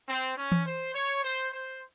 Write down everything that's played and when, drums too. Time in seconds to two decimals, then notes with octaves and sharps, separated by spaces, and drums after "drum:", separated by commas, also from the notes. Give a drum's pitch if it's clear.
0.09 C4
0.37 C#4
0.52 drum: tom E3
0.66 C5
0.94 C#5
1.23 C5
1.52 C5